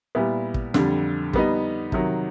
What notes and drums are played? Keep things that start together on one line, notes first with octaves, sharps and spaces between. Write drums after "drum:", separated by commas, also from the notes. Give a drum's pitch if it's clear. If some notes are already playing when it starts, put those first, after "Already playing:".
A#2 G3 B3 E4
drum: kick
F2 D3 G3, drum: snare
G3 B3 D#4, drum: kick
C3 D#3 F#3, drum: kick